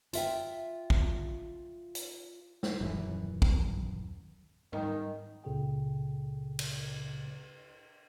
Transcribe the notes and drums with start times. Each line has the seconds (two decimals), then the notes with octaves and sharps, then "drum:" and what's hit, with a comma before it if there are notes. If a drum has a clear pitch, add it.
0.13 F4 E5 G5, drum: hi-hat
0.90 drum: kick
1.95 drum: hi-hat
2.63 drum: snare
2.81 D#1 F#2 E3
3.42 drum: kick
4.73 D#3, drum: tom G#2
5.44 C#2 A#2 C#3 G#4 A4 G5
6.59 drum: cymbal